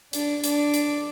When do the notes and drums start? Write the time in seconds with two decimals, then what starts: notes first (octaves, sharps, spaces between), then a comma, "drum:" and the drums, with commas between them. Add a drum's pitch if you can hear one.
0.13 D4, drum: hi-hat
0.44 D4, drum: hi-hat
0.74 drum: hi-hat